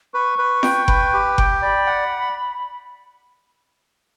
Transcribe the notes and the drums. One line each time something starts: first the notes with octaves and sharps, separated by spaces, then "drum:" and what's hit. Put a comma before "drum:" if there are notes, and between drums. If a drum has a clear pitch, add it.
B4 C#6
B4
G5, drum: snare F4
B4, drum: kick F#1
G4
G5, drum: kick F#1
D5 B5
F#5